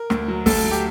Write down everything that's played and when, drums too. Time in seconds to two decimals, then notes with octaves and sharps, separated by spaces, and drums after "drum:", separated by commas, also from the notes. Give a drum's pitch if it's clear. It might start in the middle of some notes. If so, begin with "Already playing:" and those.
Already playing: A#4
0.10 D2, drum: rim click
0.28 F#3
0.46 D2 A4, drum: kick, open hi-hat
0.64 F#3
0.71 G4